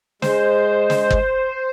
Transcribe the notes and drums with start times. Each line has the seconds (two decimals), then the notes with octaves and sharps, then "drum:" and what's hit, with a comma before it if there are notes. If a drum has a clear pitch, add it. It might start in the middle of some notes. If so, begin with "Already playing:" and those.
0.22 G#3 C5, drum: snare
0.90 drum: snare
1.10 drum: kick G1